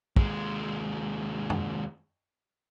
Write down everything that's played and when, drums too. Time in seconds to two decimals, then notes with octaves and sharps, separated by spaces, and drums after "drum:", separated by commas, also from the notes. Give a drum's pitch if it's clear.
0.16 D#2 G#3, drum: kick
1.50 drum: tom